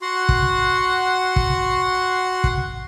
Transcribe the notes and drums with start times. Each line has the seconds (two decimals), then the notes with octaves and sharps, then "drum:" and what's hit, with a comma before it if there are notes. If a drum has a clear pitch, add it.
0.02 F#4 F#5 C6
0.29 drum: kick
1.36 drum: kick
2.44 drum: kick